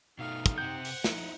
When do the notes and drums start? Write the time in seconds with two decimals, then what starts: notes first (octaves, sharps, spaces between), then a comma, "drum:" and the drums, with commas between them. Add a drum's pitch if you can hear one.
0.19 B2 A3 D#4 F5
0.46 drum: kick, hi-hat
0.58 C3 C4 C5 F#5 G6
0.85 drum: open hi-hat
1.04 F3 D#4 E4, drum: snare